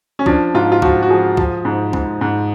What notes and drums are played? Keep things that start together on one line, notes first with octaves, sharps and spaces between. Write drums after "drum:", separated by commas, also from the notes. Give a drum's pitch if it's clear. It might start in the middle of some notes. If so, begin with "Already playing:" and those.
C#4
F3 D4, drum: kick
G#2 F4
F4
F3 F#4, drum: kick
F#4
F3 G#4
F3, drum: kick
G#2
G#2, drum: kick
G#2